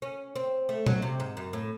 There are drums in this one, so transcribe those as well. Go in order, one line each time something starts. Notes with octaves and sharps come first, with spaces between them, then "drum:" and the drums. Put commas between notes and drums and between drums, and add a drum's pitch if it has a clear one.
C#4
C4
A3
F#3, drum: tom A#2
C3
G#2
F#2
A2